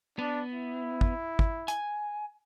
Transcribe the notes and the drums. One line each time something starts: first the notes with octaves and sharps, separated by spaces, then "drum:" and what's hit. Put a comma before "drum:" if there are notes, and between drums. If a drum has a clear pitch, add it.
B3 D4
E4
drum: kick
drum: kick
G#5, drum: hi-hat